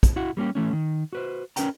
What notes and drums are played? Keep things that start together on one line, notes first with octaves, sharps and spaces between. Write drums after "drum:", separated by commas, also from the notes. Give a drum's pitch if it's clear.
drum: kick, hi-hat
E4 F#4 F#5
G3 A#3 C#4 G4
E3 A3 C#4
D#3
F#4 B4 C5
C#4 A#4 B4 G5 A#5, drum: hi-hat